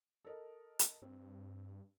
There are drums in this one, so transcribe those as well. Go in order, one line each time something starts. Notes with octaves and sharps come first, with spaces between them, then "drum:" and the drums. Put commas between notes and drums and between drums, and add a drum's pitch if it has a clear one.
A4 A#4 D#5
drum: hi-hat
G2 C4